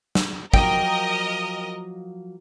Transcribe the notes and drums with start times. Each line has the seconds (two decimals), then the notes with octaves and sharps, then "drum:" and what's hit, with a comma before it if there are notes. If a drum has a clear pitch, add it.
0.15 drum: snare
0.54 F3 F#3 A#3 A#4 D#5 G5, drum: kick